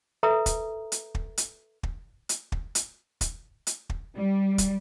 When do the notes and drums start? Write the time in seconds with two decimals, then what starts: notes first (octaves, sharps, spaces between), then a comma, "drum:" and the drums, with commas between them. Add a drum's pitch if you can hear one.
0.23 A4 B4 E5 A#5 D#6
0.46 drum: kick, hi-hat
0.92 drum: hi-hat
1.15 drum: kick
1.38 drum: hi-hat
1.83 drum: kick
2.29 drum: hi-hat
2.52 drum: kick
2.75 drum: hi-hat
3.21 drum: kick, hi-hat
3.67 drum: hi-hat
3.90 drum: kick
4.15 G3
4.58 drum: kick, hi-hat